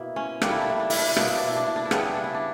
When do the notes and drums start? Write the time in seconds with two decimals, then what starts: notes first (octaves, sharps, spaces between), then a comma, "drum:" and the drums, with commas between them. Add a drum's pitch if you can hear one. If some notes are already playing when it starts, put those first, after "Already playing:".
Already playing: B2 A#3 E4
0.16 C#4
0.42 D3 G3 A#3 D4, drum: rim click
0.51 E4
0.61 D4
0.70 E4
0.80 D4
0.90 E4, drum: open hi-hat
0.98 D4
1.08 E4
1.16 B2 A#3 D4, drum: rim click
1.28 E4
1.37 D4
1.47 E4
1.56 D4
1.66 E4
1.76 D4
1.85 E4
1.91 C#3 G3 B3 D4, drum: rim click
2.05 E4
2.14 D4
2.24 E4
2.34 D4